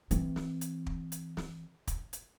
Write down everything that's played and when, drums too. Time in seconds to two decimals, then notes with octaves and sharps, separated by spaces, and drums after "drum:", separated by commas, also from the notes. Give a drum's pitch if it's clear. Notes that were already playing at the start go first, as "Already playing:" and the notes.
0.11 E3 C4, drum: hi-hat
0.36 drum: snare
0.61 drum: hi-hat
0.86 drum: kick
1.12 drum: hi-hat
1.37 drum: snare
1.87 drum: kick, hi-hat
2.13 drum: hi-hat